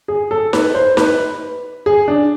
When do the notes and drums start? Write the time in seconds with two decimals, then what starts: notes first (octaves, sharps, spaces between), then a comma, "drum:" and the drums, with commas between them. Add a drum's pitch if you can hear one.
0.08 G#4
0.31 A4
0.53 B4, drum: snare D#4
0.74 C5
0.97 B4, drum: snare D#4
1.86 G#4
2.08 D4